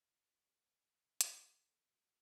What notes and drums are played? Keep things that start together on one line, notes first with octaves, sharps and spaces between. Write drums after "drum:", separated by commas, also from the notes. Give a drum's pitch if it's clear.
E4
F#4
G4
A4
C5
D5
F#5
E5
E5
E5, drum: hi-hat
D5
B4
A4
F#4